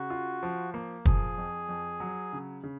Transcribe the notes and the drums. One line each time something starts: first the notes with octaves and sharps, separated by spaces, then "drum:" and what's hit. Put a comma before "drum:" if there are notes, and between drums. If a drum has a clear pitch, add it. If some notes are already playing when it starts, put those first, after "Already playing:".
Already playing: C#3 F#4
F4
F3
A#3
F3 G#4, drum: kick
F2
F2
F#3
C#3
C#3